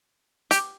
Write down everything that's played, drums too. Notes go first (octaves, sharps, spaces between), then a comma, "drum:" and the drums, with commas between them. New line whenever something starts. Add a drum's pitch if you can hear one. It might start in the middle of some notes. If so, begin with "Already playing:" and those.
G4, drum: hi-hat